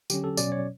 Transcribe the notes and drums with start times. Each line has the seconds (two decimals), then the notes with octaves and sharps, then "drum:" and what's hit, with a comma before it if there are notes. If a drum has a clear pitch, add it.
0.10 D3 F#3 C#4 G4, drum: tambourine
0.24 A4
0.37 B2 F#3 C#4 D5, drum: tambourine
0.52 C#5